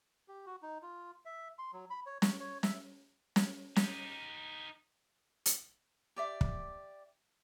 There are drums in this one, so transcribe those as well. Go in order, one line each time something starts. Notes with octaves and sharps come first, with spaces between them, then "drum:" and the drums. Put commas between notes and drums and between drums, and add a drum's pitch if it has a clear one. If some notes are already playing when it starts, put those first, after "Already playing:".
G4
F#4
D#4
F4
E5
C6
F#3
B5
C#5
C#6, drum: snare
C#5
E5, drum: snare
drum: snare
D#4 G4, drum: snare
drum: hi-hat
G4 D5 E5 D6
drum: kick